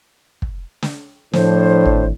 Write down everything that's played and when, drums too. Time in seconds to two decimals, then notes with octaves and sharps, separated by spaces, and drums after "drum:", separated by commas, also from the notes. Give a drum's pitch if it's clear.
0.42 drum: kick
0.82 drum: snare
1.33 A2 F3 D4 C5, drum: snare
1.85 G#1, drum: kick